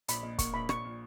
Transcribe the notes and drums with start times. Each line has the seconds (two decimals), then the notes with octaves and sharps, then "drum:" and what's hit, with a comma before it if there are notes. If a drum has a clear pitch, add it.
0.08 A#1 B5, drum: hi-hat
0.23 A#2 D#5
0.39 A#3 C#6, drum: kick, hi-hat
0.54 A#1 B5
0.69 A#1 C#6, drum: rim click
0.85 A#2